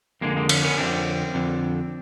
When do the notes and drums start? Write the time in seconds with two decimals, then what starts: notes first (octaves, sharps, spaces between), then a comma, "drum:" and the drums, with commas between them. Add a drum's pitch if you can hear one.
0.21 F2 D3 G#3 A#3
0.36 G#3 A#3
0.49 drum: cymbal
0.64 B3 C#4
0.78 F2 D3 C4 D4
1.35 F2 D3